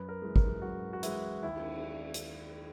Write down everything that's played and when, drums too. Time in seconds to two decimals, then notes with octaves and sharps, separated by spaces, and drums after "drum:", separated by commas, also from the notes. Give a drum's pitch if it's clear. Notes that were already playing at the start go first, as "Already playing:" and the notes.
Already playing: F#2 B4
0.09 A#4
0.22 E3 G#3
0.36 A#4, drum: kick
0.62 F#2 F#4
0.93 F#4
1.03 E3 G#3 E4, drum: hi-hat
1.43 D#2 E4
1.56 drum: cymbal
2.14 drum: hi-hat